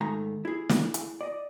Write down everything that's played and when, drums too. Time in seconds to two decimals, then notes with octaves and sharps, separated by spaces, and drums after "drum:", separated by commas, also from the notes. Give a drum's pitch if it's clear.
0.01 G#2 D#3 A3 A#5
0.45 E4 G#4
0.69 drum: snare
0.94 drum: hi-hat
1.21 D5 D#5